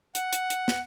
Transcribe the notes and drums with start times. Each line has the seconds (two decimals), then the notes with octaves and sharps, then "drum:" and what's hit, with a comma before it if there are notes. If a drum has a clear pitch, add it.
0.15 F#5, drum: hi-hat
0.33 drum: hi-hat
0.50 drum: hi-hat
0.68 drum: snare